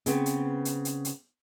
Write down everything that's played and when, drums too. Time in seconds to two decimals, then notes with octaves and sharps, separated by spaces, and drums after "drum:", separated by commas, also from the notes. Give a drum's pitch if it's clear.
0.06 C#3 B3 C4, drum: hi-hat
0.26 drum: hi-hat
0.65 drum: hi-hat
0.85 drum: hi-hat
1.05 drum: hi-hat